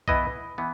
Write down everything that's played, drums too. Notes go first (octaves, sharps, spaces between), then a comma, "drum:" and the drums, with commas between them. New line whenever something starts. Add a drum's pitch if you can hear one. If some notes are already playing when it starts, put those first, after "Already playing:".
E3 B3 E4 B4 D#5, drum: kick
E3 B3